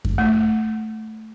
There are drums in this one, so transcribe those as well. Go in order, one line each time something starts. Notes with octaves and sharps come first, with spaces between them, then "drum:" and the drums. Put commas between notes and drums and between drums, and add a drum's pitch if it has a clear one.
drum: kick F#2
A3